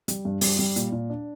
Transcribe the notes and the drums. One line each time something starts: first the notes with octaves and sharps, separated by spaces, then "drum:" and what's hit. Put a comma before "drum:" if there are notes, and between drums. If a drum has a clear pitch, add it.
G3, drum: hi-hat
G2
G3, drum: open hi-hat
G3
A#2, drum: hi-hat
A#2
D4